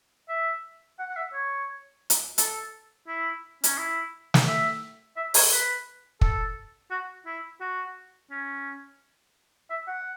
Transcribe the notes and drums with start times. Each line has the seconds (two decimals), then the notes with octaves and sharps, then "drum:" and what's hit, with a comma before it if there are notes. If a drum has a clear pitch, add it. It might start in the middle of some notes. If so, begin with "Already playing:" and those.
0.29 E5
0.99 F#5
1.10 F#5
1.16 E5
1.33 C#5
2.10 drum: hi-hat
2.38 A4, drum: hi-hat
3.08 E4
3.64 C#4, drum: hi-hat
3.78 E4
4.34 drum: snare
4.47 E5
5.17 E5
5.34 C#5, drum: open hi-hat
5.52 B4
6.21 A4, drum: kick
6.91 F#4
7.26 E4
7.60 F#4
8.31 C#4
9.70 E5
9.87 F#5